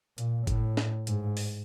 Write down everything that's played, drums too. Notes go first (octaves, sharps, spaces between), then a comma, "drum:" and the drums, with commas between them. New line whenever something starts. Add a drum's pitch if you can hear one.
A#2, drum: hi-hat
A2, drum: kick G1, hi-hat
drum: snare
G#2, drum: hi-hat
drum: open hi-hat